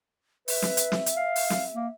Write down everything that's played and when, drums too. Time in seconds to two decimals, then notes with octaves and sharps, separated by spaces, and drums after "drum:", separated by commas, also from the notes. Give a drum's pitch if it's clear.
0.48 B4 E5, drum: open hi-hat
0.62 drum: snare
0.77 drum: hi-hat
0.92 drum: snare
1.06 drum: hi-hat
1.16 F5
1.36 drum: open hi-hat
1.50 drum: snare
1.74 A#3